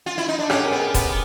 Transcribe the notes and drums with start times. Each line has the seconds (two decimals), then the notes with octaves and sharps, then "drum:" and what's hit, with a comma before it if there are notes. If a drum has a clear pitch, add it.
0.06 F4
0.18 E4
0.28 D#4
0.39 D4
0.50 C#4 G4 A4, drum: rim click
0.65 G#4 A#4
0.71 B3
0.79 G#4 A#4
0.94 B3, drum: kick E1, hi-hat